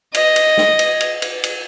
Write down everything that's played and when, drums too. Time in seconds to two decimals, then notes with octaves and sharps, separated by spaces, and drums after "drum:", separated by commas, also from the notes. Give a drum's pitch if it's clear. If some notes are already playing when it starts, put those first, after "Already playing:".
0.14 D#5, drum: cymbal
0.36 drum: cymbal
0.57 drum: snare
0.79 drum: cymbal
1.01 drum: cymbal
1.22 drum: cymbal
1.44 drum: cymbal